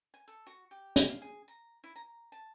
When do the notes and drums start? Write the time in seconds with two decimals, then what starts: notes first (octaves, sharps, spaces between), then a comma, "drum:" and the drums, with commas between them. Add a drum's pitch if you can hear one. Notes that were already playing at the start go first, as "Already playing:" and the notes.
0.14 G#5
0.28 A4
0.47 F#4
0.71 G4
0.96 D#5, drum: hi-hat
1.10 F5
1.22 G#4
1.48 A#5
1.84 E4
1.96 A#5
2.32 A5